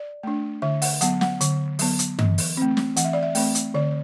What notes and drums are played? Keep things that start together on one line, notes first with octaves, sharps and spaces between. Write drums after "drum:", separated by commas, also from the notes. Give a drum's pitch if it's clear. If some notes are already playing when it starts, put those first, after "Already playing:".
Already playing: D5
A3 D4
D3 E5
F#5, drum: open hi-hat
F#3 B3 F#5, drum: hi-hat
F#5, drum: snare
D3, drum: hi-hat
F#3 B3, drum: open hi-hat
drum: hi-hat
E3, drum: tom G2
drum: open hi-hat
A3 C4
drum: snare
E3 F#5, drum: hi-hat
E5
D5
E5
A3 C4, drum: open hi-hat
drum: hi-hat
D3 D5